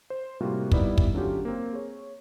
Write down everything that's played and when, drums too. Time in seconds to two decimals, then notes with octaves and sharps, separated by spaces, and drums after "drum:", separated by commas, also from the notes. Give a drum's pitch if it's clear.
0.10 C5
0.40 A2 C3 G3 A#3 F4 F#4
0.72 G3 B3 D#4 E4 D5 E5, drum: kick
0.98 drum: kick
1.14 D3 F#3 C#4 F4 G4
1.45 A#3 C4
1.73 G#4 C#5